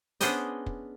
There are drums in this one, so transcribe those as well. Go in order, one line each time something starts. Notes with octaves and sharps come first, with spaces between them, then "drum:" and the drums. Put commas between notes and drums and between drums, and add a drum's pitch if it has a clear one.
B3 C#4 D4 G#4 C5 D#5, drum: hi-hat
drum: kick